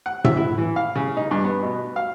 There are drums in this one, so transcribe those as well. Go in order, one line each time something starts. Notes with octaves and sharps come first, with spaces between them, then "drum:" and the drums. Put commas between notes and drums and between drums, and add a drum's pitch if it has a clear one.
F#5
E5, drum: tom A2
E4
E3
F5
C#3
D#4
G2
B3
B2
F5